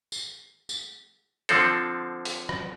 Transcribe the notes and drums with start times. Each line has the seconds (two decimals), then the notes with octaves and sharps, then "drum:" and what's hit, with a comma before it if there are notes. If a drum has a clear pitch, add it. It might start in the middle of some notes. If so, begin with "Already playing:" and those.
0.12 drum: tambourine
0.69 drum: tambourine
1.49 D3 F3 C4 A4, drum: hi-hat
2.25 drum: open hi-hat
2.49 drum: rim click